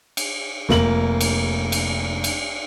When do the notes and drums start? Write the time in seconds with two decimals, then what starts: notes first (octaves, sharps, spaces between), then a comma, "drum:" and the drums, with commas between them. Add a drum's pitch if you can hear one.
0.17 drum: cymbal
0.69 F1 A#3 F#7, drum: snare
1.21 drum: cymbal
1.72 drum: cymbal
2.24 drum: cymbal